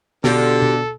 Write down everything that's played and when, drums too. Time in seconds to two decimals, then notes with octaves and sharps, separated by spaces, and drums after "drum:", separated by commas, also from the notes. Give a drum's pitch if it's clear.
0.24 B2 D3 F4 G4 A4, drum: snare
0.62 drum: tom